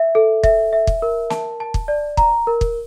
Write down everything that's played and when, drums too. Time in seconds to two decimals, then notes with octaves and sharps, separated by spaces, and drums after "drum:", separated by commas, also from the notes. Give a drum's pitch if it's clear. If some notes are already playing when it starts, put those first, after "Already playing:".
Already playing: E5
0.15 A4
0.43 E5, drum: kick
0.73 E5
0.87 drum: kick
1.02 A#4
1.30 A5, drum: snare
1.60 A5
1.74 drum: kick
1.88 D5
2.17 A#5, drum: kick
2.47 A#4
2.61 drum: kick